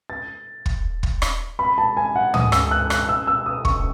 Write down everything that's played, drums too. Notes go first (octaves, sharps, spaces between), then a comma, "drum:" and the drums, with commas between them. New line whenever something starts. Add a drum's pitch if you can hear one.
A6
drum: kick
drum: kick
drum: rim click
B5
A5
G#5
F#5
D#6, drum: tom
E6, drum: rim click
F#6
F#6, drum: rim click
E6
E6
D#6
C#6, drum: kick